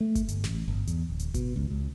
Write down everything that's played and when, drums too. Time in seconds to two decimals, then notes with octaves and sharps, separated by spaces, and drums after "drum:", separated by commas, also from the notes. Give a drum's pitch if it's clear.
0.01 A3
0.15 drum: kick G1, hi-hat
0.28 G1, drum: hi-hat
0.44 A1, drum: snare
0.68 G1
0.87 E2, drum: hi-hat
1.10 D1
1.19 drum: hi-hat
1.34 B2, drum: kick G1, hi-hat
1.56 C#2
1.70 C#2